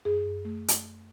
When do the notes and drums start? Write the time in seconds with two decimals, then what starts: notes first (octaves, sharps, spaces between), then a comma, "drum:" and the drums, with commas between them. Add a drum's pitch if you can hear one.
0.05 F#2 G#4
0.26 F#2
0.45 A3
0.68 drum: hi-hat